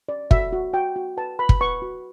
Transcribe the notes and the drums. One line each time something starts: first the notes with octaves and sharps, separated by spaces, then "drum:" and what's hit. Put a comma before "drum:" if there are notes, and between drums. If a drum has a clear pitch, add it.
C#4 D5
F#4 E5, drum: kick
F#4
F#4 G5
F#4
B4 A5
B4 B5
drum: kick
B4 C#6
F#4